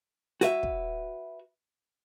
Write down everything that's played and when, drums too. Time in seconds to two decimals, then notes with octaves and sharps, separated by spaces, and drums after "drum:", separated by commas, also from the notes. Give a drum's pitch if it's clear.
0.41 F#4 B4 E5, drum: hi-hat
0.63 drum: kick